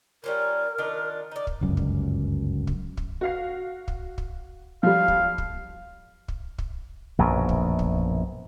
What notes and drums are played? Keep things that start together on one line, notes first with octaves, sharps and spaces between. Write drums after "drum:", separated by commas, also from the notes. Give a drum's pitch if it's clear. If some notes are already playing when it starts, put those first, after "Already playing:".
G3 C#4 F4 A#4
D#3 D4 F4
D#4 D5
drum: kick
G1 C#2 F#2
drum: kick
drum: kick
drum: kick
F#4 F5 C7
drum: kick
drum: kick
F3 G3 F5
drum: kick
drum: kick
drum: kick
drum: kick
A#1 F#2 B2
drum: kick
drum: kick